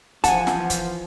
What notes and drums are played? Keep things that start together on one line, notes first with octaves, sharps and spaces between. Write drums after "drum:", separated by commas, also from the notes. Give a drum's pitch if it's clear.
E3 F3 F#5 G#5 A5, drum: kick, hi-hat
drum: snare
drum: kick, hi-hat